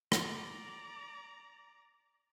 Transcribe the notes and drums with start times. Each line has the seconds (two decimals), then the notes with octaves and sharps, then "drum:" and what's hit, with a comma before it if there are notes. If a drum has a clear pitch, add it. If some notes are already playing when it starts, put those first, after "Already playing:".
0.12 D5 A#5, drum: rim click